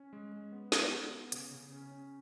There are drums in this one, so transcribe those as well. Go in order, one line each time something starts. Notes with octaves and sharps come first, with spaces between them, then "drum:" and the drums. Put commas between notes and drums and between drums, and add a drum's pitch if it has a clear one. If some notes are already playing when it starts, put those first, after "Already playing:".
Already playing: C#4
G#3
G#3
B3
B3, drum: snare
B3
B3
C#3, drum: hi-hat
C#3
C#4
C#4